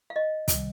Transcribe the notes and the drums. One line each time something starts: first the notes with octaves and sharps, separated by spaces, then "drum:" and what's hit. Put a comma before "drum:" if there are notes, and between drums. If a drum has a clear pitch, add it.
F5
D#5
C3 D#3 G3, drum: kick, hi-hat